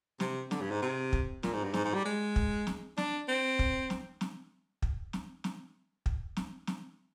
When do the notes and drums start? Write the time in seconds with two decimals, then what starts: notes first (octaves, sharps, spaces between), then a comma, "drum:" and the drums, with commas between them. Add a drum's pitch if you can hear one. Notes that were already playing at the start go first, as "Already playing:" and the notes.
0.20 C3, drum: snare
0.51 D3, drum: snare
0.61 G2
0.71 G#2
0.82 C3
1.13 drum: kick
1.43 A#2, drum: snare
1.53 G#2
1.64 G2
1.74 G#2, drum: snare
1.85 G#2
1.94 G3
2.05 G#3
2.36 drum: kick
2.67 drum: snare
2.97 D4, drum: snare
3.28 C4
3.59 drum: kick
3.90 drum: snare
4.21 drum: snare
4.82 drum: kick
5.13 drum: snare
5.44 drum: snare
6.06 drum: kick
6.37 drum: snare
6.67 drum: snare